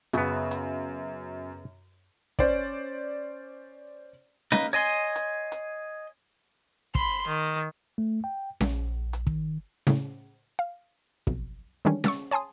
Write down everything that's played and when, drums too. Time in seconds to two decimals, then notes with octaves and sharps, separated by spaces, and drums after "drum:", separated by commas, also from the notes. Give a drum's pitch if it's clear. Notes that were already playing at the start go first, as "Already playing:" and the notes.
0.13 F#2 C#3 B3, drum: hi-hat
0.51 drum: hi-hat
2.39 C#4 C5 D5, drum: kick
4.52 A#3 D#4 B4, drum: snare C#4
4.73 C#5 D#5 G#5 C6, drum: hi-hat
5.16 drum: hi-hat
5.52 drum: hi-hat
6.95 B5 C6, drum: kick
7.26 D#3
7.98 A3
8.24 G5
8.61 A#1, drum: snare C#4
9.13 drum: hi-hat
9.27 D#3, drum: kick
9.87 A2 C#3, drum: snare C#4
10.59 F5
11.27 B1 F2 B2, drum: kick
11.85 D#3 E3 G3 G#3 C#4 D4
12.04 C#6 E6 A6, drum: snare C#4
12.31 C#5 G#5 A5 C6 D#6